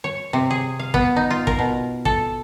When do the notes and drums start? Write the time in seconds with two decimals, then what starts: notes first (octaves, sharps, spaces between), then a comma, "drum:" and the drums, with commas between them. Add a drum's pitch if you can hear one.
0.04 C#5
0.33 C3
0.51 G#4
0.79 F5
0.94 B3, drum: kick
1.16 D#4
1.30 F4
1.47 A#4, drum: kick
1.59 B2
2.05 A4, drum: kick